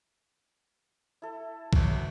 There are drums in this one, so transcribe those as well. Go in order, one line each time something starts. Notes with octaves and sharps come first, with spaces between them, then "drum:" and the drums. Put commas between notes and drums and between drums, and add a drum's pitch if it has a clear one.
E4 A4
G1 D#3 F#3, drum: kick B1